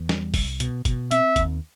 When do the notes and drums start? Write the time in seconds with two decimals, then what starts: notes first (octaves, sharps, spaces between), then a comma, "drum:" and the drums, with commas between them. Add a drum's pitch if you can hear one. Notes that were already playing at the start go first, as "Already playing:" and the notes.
Already playing: E2
0.09 G3, drum: snare
0.34 C2, drum: kick, open hi-hat
0.60 B2, drum: hi-hat
0.85 B2, drum: kick, hi-hat
1.11 C4 E5, drum: hi-hat
1.36 D#2, drum: kick, hi-hat